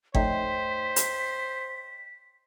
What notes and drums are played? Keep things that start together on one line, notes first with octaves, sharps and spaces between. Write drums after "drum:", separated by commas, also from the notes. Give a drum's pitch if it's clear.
F2 A3 D#4 C5 C#5 D#5 G5 B6, drum: kick G1
drum: hi-hat